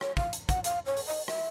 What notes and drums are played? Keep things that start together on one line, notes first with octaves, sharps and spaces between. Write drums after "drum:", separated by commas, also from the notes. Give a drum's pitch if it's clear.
C#5, drum: rim click
F5, drum: kick
drum: hi-hat
F#5, drum: kick, hi-hat
F5, drum: hi-hat
C#5
drum: open hi-hat
D#5
E5, drum: rim click